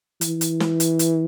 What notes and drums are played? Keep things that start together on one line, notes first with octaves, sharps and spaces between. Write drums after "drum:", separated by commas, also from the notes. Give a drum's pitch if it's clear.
E3, drum: hi-hat
drum: hi-hat
drum: snare
drum: hi-hat
drum: hi-hat